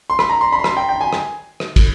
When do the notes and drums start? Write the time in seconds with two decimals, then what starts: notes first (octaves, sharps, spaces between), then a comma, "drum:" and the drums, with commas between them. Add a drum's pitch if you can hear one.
0.10 C6
0.19 B5, drum: rim click
0.29 A#5
0.41 C6
0.53 B5
0.59 C6
0.64 B5, drum: rim click
0.77 G5
0.89 G5
1.01 G#5
1.13 drum: rim click
1.60 drum: rim click
1.76 drum: kick, cymbal